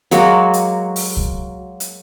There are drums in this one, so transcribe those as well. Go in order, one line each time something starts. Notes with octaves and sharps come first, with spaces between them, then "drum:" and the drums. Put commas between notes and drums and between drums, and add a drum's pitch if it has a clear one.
F#3 G#3 A#3 F#4, drum: hi-hat
drum: hi-hat
drum: open hi-hat
drum: kick C2
drum: hi-hat